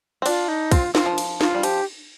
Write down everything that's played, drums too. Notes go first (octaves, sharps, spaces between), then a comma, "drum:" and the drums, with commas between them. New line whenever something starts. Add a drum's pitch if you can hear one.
C4
D4 F4, drum: cymbal
D#4
C4 F4, drum: kick, cymbal
C4 F4, drum: snare
F3
drum: cymbal
F4, drum: snare
G3
F3 G4, drum: cymbal